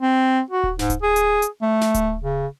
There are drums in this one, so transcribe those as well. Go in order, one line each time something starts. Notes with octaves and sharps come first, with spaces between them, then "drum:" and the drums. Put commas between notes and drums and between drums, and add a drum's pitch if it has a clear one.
C4
F#4
drum: kick D1
G#2, drum: snare
drum: kick D1, hi-hat
G#4
drum: hi-hat
drum: hi-hat
A3
drum: snare
drum: kick D1, hi-hat
C#3